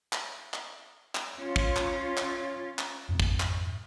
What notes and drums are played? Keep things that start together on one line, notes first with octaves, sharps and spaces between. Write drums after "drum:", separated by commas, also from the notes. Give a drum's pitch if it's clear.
drum: clap
drum: clap
drum: clap
C#4 F4
drum: kick
drum: clap
drum: clap
drum: clap
F2 G#2 B2 C4
drum: kick
drum: clap